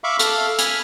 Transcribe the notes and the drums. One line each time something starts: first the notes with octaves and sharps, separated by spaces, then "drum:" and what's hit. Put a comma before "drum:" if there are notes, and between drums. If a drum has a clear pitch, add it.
E5 F5 B5 C#6 D6
A4 F5, drum: hi-hat
G#5 B5 F6, drum: hi-hat